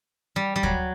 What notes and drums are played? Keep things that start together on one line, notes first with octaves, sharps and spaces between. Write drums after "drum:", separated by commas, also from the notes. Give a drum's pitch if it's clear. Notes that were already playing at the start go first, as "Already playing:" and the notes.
G3
G3
F#3, drum: kick